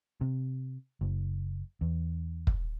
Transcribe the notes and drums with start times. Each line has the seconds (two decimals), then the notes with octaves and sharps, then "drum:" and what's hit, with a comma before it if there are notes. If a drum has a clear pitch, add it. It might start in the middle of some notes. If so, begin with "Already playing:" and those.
0.21 C3
1.01 F#1
1.81 E2
2.47 drum: kick